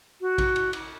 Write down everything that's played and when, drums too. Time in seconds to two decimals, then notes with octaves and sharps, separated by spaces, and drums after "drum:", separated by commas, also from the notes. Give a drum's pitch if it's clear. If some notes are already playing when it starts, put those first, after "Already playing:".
0.21 F#4
0.38 drum: kick A#1, cymbal
0.56 drum: cymbal
0.73 drum: cymbal